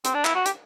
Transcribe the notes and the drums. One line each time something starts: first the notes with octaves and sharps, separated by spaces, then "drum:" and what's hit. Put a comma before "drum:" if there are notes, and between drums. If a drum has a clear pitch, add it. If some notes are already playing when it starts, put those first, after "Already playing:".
C4, drum: hi-hat
D4
E4, drum: clap
F#4
G4, drum: hi-hat